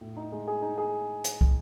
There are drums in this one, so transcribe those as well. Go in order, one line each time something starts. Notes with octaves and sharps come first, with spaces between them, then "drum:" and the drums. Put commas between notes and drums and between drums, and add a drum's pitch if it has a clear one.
A2
D#4
G#3
G#4
D#4
G#4
drum: hi-hat
drum: kick